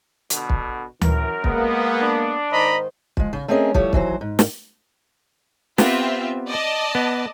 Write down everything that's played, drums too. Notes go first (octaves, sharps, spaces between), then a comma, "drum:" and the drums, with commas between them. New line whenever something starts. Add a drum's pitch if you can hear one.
B2 D3, drum: hi-hat
drum: kick
F#2 E3 A#4, drum: tom D2
G#3 A#3 B3, drum: kick
D4
G#2 D#3 C5 D#5 A#5 B5
F3 G#3, drum: kick
C#3
A3 C4 C#4 G#4 A#4 D#5
F3 G3 A3 E4 C#5, drum: kick
D#2 E3 F#3 C5, drum: kick
G#2
drum: snare
B3 C4 F4 G4 E5, drum: snare
D5 D#5 A5
B3